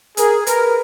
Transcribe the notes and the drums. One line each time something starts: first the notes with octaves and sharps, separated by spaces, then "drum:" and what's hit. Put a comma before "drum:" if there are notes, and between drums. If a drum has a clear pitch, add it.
G#4 A#4, drum: hi-hat
A#4 B4, drum: hi-hat